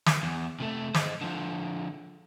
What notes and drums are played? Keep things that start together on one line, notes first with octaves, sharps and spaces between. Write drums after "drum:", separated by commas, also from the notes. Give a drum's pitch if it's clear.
drum: snare
E2
C3 A3
C5 D#5, drum: snare
D3 F3